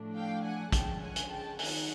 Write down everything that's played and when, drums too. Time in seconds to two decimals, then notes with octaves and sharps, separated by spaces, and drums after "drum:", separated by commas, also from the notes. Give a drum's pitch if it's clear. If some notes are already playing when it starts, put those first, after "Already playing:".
Already playing: A2 F3 A3 D4
0.15 F5 G5
0.44 F#5 G#5
0.72 D3 F3 G#3 C#4 G5 A5, drum: kick, hi-hat
1.01 F#5 G#5
1.16 drum: hi-hat
1.30 G5 A5
1.59 D#3 F#3 B3 D#4 F#5 G#5, drum: open hi-hat